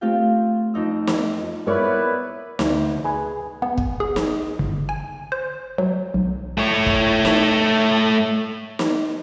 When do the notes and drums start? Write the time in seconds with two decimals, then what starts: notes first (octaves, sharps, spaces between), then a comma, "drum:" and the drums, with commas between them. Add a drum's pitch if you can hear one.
0.01 A3 C4 F4 G4 F5 G5
0.74 F2 D#4 E6
1.07 drum: snare
1.67 B3 E4 A#4 B4 C#5 D5
2.59 D2, drum: snare
3.04 G#4 B4 G#5
3.62 B3
3.78 drum: kick
4.00 G#4
4.16 drum: snare
4.59 G1
4.89 G#5
5.32 C5
5.78 F#3
6.14 B1
6.58 A3 C#5
6.86 drum: kick
7.25 drum: snare
8.79 drum: snare